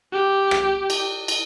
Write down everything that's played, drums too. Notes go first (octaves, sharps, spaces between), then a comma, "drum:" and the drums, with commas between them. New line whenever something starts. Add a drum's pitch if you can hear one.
G4
drum: rim click
drum: cymbal
drum: cymbal